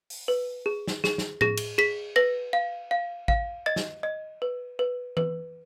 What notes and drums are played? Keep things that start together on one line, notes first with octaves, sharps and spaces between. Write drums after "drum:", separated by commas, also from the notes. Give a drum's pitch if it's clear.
drum: open hi-hat
B4
G#4
drum: snare
G#4, drum: snare
drum: snare
G#4 A#6, drum: tom A2
drum: cymbal
G#4 B6
B4 A#6
F5
F5
F5, drum: kick A1
D#5 A6
drum: snare
D#5
B4
B4
B4, drum: tom E3